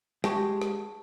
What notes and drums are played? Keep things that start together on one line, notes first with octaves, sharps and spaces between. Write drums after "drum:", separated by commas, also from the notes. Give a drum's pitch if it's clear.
G#3 G4 A5 C#6, drum: rim click
drum: rim click